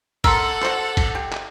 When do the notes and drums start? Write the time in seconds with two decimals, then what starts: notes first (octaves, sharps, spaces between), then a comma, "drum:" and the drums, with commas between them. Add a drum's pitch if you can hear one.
0.24 A4 A#4 F#5 C6 E6, drum: kick G#1, cymbal
0.63 F#4 C5, drum: clap
0.97 drum: kick G#1, cymbal
1.15 G4
1.33 drum: clap